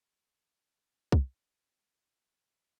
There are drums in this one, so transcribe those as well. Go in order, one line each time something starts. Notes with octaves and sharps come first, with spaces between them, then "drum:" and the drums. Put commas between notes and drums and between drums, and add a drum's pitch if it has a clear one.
A4 C#5
D5
drum: kick
G#3